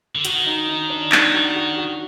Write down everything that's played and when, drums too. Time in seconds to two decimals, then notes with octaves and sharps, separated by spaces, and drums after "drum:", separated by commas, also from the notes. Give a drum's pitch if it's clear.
0.15 D3
0.25 D#3 F#4, drum: hi-hat
0.46 D#4
0.69 D#4
0.90 D4
1.12 D#4, drum: clap
1.34 F#4
1.56 F#4
1.78 F#4